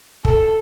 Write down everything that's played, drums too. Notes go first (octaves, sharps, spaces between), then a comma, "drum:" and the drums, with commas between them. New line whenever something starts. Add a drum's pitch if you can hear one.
A4, drum: kick